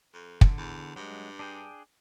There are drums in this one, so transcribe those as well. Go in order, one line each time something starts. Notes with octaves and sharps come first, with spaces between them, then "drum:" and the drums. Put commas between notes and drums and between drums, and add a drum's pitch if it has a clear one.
F2
D3, drum: kick
E2
G2 F#3 G#3
D4 G#4 G5